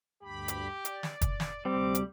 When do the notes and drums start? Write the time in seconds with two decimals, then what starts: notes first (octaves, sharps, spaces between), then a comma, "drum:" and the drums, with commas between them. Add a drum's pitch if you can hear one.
0.23 D2 G2 G4 B5
0.48 drum: hi-hat
0.85 D5, drum: hi-hat
1.03 drum: snare
1.21 drum: kick, hi-hat
1.40 drum: snare
1.65 D2 C3 G3 C4 D6
1.95 drum: hi-hat